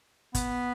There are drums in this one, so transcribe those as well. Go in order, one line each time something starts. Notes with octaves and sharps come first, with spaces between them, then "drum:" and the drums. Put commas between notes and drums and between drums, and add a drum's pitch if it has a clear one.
B3, drum: kick, hi-hat